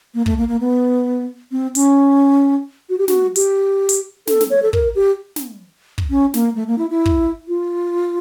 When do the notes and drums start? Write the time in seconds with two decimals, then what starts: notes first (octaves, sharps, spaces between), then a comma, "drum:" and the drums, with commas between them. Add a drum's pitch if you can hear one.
0.14 A#3
0.26 A3, drum: kick
0.38 A#3
0.48 A#3
0.61 B3
1.51 C4
1.75 C#4, drum: hi-hat
2.90 F#4
2.98 G4
3.08 F#4, drum: snare
3.36 G4, drum: hi-hat
3.89 drum: hi-hat
4.27 A4, drum: snare
4.41 drum: snare
4.50 C#5
4.63 A4
4.73 A#4, drum: kick
4.95 G4
5.36 drum: snare
5.98 drum: kick
6.10 C#4
6.34 A#3, drum: snare
6.56 A3
6.67 A#3
6.78 E4
6.90 E4
7.06 drum: kick
7.48 F4